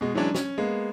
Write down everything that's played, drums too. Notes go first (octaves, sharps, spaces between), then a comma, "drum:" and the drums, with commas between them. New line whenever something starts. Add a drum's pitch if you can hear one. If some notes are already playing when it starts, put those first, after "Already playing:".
B2 G#3
E3 F#3 G#3 C#4 D4
C#4, drum: snare
G#3 A#3 B3